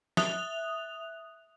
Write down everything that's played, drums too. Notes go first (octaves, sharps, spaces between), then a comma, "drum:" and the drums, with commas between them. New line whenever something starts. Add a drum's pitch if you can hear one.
E5 D#6 F#6 F7, drum: snare